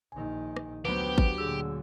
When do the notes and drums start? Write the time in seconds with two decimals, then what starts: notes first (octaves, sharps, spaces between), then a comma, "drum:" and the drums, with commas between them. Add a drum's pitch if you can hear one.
0.12 A#1 D#3 G#5
0.56 drum: rim click
0.85 D2 F#3 B3 G4 B4 C5 B5
1.18 drum: kick G#1
1.38 A#2 D3 G#4 E6